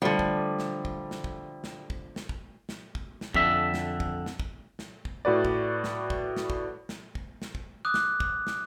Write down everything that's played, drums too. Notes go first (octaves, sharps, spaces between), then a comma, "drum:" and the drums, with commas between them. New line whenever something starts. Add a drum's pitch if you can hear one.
D3 F3 G3 A3
drum: kick
drum: snare
drum: kick
drum: snare
drum: kick
drum: snare
drum: kick
drum: snare
drum: kick
drum: snare
drum: kick
drum: snare
F2 D3 E5, drum: kick
drum: snare
drum: kick
drum: snare
drum: kick
drum: snare
drum: kick
A2 F#4 B4 D5
drum: kick
drum: snare
drum: kick
drum: snare
drum: kick
drum: snare
drum: kick
drum: snare
drum: kick
D6 D#6 F#6
drum: snare
drum: kick
drum: snare